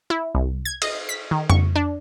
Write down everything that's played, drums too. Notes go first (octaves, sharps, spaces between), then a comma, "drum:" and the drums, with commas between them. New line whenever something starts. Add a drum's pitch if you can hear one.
E4
C2
G#6
D#5, drum: cymbal
B6
D#3
C#6, drum: tom F2
D4